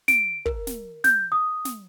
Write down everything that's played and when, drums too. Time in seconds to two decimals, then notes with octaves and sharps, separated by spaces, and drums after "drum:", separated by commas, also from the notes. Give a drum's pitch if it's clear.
0.08 D7, drum: snare
0.46 A#4, drum: kick
0.67 drum: snare
1.04 G6, drum: snare
1.32 D#6
1.65 drum: snare